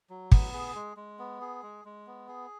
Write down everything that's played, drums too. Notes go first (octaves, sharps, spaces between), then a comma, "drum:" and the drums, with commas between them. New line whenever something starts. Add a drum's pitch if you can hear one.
F#3
B3, drum: kick
G#4
G#3
G#3
B3
G#4
G#3
G#3
B3
G#4